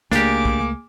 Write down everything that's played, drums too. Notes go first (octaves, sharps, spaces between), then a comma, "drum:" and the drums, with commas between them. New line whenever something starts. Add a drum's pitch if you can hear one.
C#2 A3 A#3 D4 G4 G#4 D6, drum: snare
drum: kick